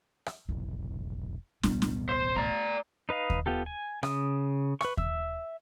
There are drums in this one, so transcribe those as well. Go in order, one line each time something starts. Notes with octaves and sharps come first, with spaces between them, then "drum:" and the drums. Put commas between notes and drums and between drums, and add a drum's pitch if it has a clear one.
drum: rim click
F1 B1 E4
D1 A1 B2 G3 B3, drum: snare
drum: snare
C5
A3 D5 A#5
D#4 B4 D#5 F5
drum: kick D#2
B3 F4 G4 A4
G#5
C#3 D#6, drum: rim click
B4 C#6, drum: rim click
E5 E6, drum: kick D#2